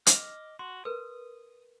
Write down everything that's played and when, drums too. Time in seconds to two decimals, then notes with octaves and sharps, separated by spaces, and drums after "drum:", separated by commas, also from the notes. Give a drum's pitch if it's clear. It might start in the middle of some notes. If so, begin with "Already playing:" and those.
0.07 D#5 D6 F6, drum: hi-hat
0.59 F#4 C6
0.85 A#4 B4 D#6